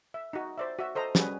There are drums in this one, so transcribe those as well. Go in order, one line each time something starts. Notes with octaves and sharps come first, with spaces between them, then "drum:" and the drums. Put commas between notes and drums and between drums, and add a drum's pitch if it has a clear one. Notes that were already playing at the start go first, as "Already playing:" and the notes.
E5
D#4 F#4
C5 D5 E5
F#4 E5
A4 C5 D#5 A#5
G3 C#4 F#4 G#4 B4, drum: snare